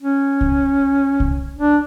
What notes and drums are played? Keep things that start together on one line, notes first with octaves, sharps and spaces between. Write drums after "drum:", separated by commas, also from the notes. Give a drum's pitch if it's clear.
C#4
drum: kick C2
drum: kick C2
D4